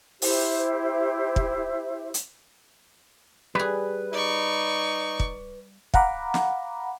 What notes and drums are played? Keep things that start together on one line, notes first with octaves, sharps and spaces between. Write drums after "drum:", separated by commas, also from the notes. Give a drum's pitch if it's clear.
E4 G4 C5 E5, drum: open hi-hat
drum: kick
drum: hi-hat
G3 G#4 B4
D#4 D5 C#6
drum: kick
F5 F#5 A#5 B5 D6, drum: kick
drum: snare